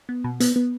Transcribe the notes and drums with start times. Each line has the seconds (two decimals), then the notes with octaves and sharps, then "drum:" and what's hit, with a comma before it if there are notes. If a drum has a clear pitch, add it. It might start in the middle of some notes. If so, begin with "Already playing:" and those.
0.09 B3
0.24 B2
0.40 B3, drum: hi-hat
0.56 B3